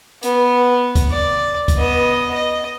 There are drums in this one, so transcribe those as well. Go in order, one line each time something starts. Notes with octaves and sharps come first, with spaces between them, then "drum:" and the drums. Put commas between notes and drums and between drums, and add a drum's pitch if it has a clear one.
B3, drum: hi-hat
drum: kick C#2, hi-hat
D5
drum: kick C#2, hi-hat
B3 D#5
D#5